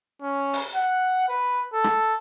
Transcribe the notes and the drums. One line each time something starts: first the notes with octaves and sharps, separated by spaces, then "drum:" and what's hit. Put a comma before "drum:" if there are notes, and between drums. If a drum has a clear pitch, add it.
C#4
drum: open hi-hat
F#5
B4
A4
drum: rim click